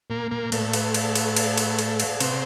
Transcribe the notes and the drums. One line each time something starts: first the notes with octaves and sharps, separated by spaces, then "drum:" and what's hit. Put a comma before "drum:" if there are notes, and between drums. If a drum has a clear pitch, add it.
A#2 A#3
A#2 A#3
A2 A3, drum: cymbal
drum: cymbal
drum: cymbal
drum: cymbal
drum: cymbal
drum: cymbal
drum: cymbal
drum: cymbal
C3 C4, drum: cymbal